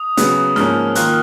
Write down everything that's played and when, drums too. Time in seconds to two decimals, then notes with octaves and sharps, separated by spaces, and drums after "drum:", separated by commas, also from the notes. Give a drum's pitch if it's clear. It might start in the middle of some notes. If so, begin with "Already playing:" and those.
Already playing: D#6
0.17 C#3 F#3 B3, drum: hi-hat
0.56 G#2 F3 A#3 C#4 F6, drum: snare
0.95 D#3 A#3 F4 F#6, drum: hi-hat